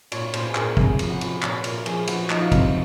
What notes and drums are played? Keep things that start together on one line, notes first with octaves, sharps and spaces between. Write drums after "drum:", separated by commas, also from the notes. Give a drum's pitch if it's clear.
A#2 C#5, drum: cymbal
A#2 C5, drum: cymbal
G#4
A#2 A#4, drum: clap
C3 G#4, drum: kick
F3, drum: cymbal
F#4
F3, drum: cymbal
A#2 C#5, drum: clap
A#2 A#4, drum: cymbal
F3 G#4, drum: cymbal
F3 F#4, drum: cymbal
F3 D#4, drum: clap
F4
C3, drum: kick, cymbal